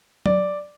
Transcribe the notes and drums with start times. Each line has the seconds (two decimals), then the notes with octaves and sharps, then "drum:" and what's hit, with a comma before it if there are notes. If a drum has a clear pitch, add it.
0.26 D5, drum: tom F#3